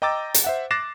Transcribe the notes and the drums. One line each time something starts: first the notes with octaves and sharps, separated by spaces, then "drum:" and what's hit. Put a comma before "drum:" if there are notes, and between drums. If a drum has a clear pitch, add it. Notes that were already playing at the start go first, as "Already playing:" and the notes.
D#5 G5 A#5 D6 E6 A6
drum: hi-hat
C5 E5 F#5
D6 F#6 A6 A#6 C7 E7